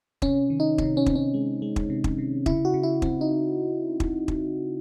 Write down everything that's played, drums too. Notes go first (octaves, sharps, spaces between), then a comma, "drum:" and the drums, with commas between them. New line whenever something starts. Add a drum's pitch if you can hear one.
C3 C#4, drum: kick
D#3
D#4
C3 D#4, drum: kick
C#4
C4, drum: kick
C#4
G#3
G#3
drum: kick
C3
drum: kick
C3
C#3 E4, drum: kick
F#4
C#3
E4
C4, drum: kick
D#4
drum: kick
drum: kick